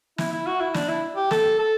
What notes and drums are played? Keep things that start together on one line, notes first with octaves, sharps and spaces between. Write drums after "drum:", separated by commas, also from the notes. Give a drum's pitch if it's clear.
E4, drum: snare
E4
F#4
E4
D4, drum: snare
E4
G4
A4, drum: snare
A4